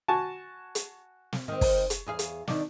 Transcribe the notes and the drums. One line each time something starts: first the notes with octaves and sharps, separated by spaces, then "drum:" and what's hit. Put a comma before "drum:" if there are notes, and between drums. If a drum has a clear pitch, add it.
F#4 G#5 A5
drum: hi-hat
drum: snare
D#3 C4
drum: kick, open hi-hat
drum: hi-hat
E2 G#4 F5
drum: hi-hat
D#3 D4, drum: snare